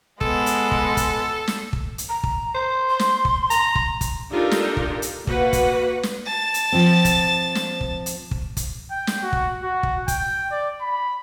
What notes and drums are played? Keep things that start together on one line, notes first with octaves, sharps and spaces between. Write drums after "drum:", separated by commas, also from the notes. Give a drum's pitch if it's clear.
G#3 B3 A4, drum: kick
drum: hi-hat
drum: kick
drum: kick, hi-hat
drum: snare
drum: kick
drum: hi-hat
A#5
drum: kick
C5
C6
drum: snare
drum: kick
A#5, drum: hi-hat
drum: kick
drum: kick, hi-hat
D4 D#4 F4 G4 A4 A#4
drum: snare
drum: kick
drum: hi-hat
A#3 F#4 B4 F#5, drum: kick
drum: kick, hi-hat
drum: snare
A5 A6
drum: hi-hat
F3 C4
drum: kick, hi-hat
drum: snare
drum: kick
drum: hi-hat
drum: kick
drum: kick, hi-hat
G5
drum: snare
F#4
drum: kick
F#4
drum: kick
G5, drum: kick, hi-hat
D5
B5